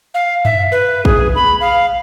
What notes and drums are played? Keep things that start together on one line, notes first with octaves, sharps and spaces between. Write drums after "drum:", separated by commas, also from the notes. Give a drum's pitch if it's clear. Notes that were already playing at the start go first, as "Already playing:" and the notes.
F5
E5, drum: tom F#2
B4
G#4, drum: kick
B5
F5